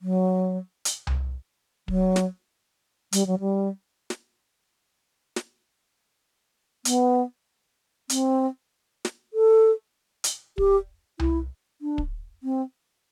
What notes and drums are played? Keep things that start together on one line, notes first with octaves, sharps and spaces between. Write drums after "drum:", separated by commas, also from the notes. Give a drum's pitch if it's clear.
F#3
drum: hi-hat
drum: tom C2
F#3, drum: kick
drum: snare
G3, drum: hi-hat
F#3
G3
drum: snare
drum: snare
B3, drum: hi-hat
C4, drum: hi-hat
drum: snare
A4
drum: hi-hat
G4, drum: kick
E4, drum: tom C2
D4
drum: kick
C4